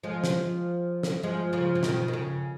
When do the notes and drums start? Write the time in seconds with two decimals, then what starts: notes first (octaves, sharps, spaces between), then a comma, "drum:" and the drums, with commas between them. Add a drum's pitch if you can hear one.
0.03 F3 G#3
0.24 drum: snare
1.03 drum: snare
1.23 F3 G#3
1.53 C#3 F3
1.75 C#3
1.83 B2 D#3, drum: snare
2.08 D#3
2.13 C#3